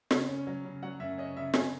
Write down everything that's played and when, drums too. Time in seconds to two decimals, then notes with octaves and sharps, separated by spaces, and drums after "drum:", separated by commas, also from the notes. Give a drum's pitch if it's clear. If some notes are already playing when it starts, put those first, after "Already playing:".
0.11 C#3, drum: snare
0.29 C#4
0.47 F#3
0.65 C#3
0.83 F#3 F#5
1.00 F#2 E5
1.18 C#4 D#5
1.36 C#3 E5
1.54 D#4 G#5, drum: snare